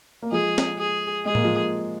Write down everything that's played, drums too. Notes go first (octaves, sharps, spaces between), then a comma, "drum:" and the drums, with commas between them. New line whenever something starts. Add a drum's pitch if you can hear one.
A#3
F3 G#3 G#4
drum: snare
G#4
G#3 G#4
A#3, drum: tom A2
F3 G#3